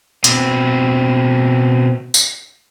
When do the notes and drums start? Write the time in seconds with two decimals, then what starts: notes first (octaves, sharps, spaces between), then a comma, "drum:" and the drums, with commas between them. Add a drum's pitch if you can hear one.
0.24 B2 C4, drum: hi-hat
2.14 drum: tambourine